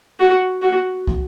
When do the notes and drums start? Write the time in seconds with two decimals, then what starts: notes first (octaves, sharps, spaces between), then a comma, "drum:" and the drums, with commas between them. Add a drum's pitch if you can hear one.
0.19 F#4
0.62 F#4
1.07 drum: kick